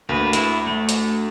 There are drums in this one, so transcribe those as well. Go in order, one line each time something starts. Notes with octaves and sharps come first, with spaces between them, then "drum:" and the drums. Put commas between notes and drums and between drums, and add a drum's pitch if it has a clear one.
D2 A#3 B4
E4, drum: hi-hat
A3
drum: hi-hat